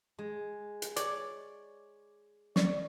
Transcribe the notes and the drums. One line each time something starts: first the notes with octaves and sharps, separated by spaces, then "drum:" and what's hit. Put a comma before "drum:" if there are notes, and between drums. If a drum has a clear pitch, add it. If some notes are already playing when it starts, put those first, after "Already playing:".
G#3
drum: hi-hat
C#5 D5, drum: hi-hat
D5 C#6, drum: snare